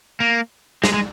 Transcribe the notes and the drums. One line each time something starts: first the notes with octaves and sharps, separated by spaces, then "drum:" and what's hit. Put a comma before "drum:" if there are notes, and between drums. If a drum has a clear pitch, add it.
A#3
G#3, drum: snare
G#3